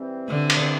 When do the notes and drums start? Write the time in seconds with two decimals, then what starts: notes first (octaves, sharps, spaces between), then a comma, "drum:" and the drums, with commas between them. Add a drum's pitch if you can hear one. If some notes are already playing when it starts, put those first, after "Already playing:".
Already playing: G#2 E3 G3 C4
0.29 D3
0.50 drum: cymbal